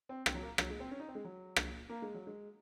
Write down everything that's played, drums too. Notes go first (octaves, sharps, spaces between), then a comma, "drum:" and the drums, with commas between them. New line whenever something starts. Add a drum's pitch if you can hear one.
C4
C4, drum: rim click
F#3
A#3
F#3, drum: rim click
G#3
C4
C#4
D#4
C4
G#3
F#3
drum: rim click
A#3
G#3
F#3
G#3